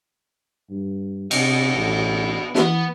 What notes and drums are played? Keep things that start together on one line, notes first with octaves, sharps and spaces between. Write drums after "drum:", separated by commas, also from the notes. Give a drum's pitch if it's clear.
G2
C3 B3 D#5, drum: cymbal
A1
E3 B3, drum: snare